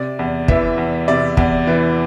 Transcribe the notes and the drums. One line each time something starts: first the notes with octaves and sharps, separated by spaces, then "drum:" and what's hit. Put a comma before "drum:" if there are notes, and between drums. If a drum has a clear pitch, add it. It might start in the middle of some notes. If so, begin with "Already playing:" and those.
Already playing: C3 D5
E2
E3 E5, drum: kick
E2
C3 D5
E2, drum: kick
E3